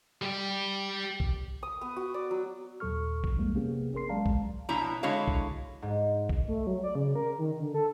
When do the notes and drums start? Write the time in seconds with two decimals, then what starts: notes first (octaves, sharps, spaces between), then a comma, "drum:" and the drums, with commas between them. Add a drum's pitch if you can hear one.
0.22 G3 G4
1.20 drum: kick A#1
1.63 D#6
1.81 B3
1.96 F#4
2.14 D5
2.31 F#3
2.80 D#2 A#2 F#3 A4 C#6 F6
3.24 drum: kick A#1
3.36 B1 F2 F3 G3 G#3 A#3
3.55 C3 A#3 B3 C#4 G4 G#4
3.93 G#1 C#4 G#4 A#4 C6 C7
4.09 F#3 G#3 D5 F5 A5 A#5
4.26 drum: kick A#1
4.69 B2 F3 D4 E4 C#5 A#5
5.03 D3 G#3 E4 F#4 C#5 F5
5.28 drum: kick A#1
5.82 G#2
6.29 drum: kick A#1
6.48 A3
6.67 F#3
6.83 D5
6.95 C#3
7.15 A#4
7.39 D#3
7.60 D3
7.74 A4